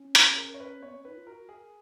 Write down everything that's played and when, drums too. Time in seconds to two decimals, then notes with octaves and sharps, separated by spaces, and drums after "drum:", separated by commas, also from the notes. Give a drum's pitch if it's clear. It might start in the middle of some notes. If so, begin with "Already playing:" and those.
Already playing: C#4
0.15 G#4, drum: hi-hat
0.37 A#4
0.54 C#5
0.60 B4
0.82 B3 C#5
0.93 C#4
1.05 D#4 B4
1.15 F4
1.27 F#4 A#4
1.49 G#4 A#4